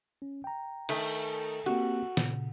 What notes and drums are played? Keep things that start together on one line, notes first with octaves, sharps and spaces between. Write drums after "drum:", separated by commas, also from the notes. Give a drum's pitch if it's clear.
C#4
G5 A#5
D#3 A3, drum: cymbal
A#3 C4 F#4 G4
A#2 C#3, drum: snare